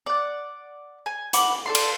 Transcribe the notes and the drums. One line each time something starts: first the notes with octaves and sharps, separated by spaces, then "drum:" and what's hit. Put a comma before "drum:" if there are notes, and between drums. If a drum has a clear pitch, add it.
D5 F#5
G#5
F#5 B5 D6, drum: hi-hat
A4 D5 C6
drum: cymbal